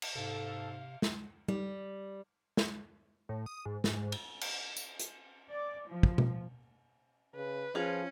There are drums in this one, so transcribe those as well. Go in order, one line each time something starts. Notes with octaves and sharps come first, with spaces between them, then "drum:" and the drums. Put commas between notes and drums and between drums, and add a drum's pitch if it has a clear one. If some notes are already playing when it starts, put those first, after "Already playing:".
drum: cymbal
G#2 C3 A4 F5
drum: snare
G3, drum: tom G3
drum: snare
A2
D#6
G#2
G#2, drum: snare
drum: cymbal
drum: cymbal
drum: tambourine
drum: hi-hat
D5
F3
drum: kick
drum: tom B2
C#3 B4
F3 C#4 F4 G#4